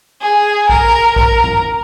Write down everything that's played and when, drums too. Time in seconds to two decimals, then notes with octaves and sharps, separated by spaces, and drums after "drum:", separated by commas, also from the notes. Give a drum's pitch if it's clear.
0.21 G#4
0.69 A#4, drum: kick
1.16 A#4, drum: kick
1.44 drum: tom F#2